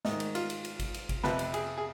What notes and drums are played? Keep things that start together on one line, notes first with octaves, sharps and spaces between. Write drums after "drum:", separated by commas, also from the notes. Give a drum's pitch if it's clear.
G#2 D#3 D#4, drum: snare
drum: cymbal
F4, drum: cymbal
drum: cymbal
drum: cymbal
drum: kick G#1, cymbal
drum: cymbal
drum: kick G#1, cymbal
F2 C3 F3 B4, drum: snare
drum: cymbal
G#4, drum: cymbal
G#4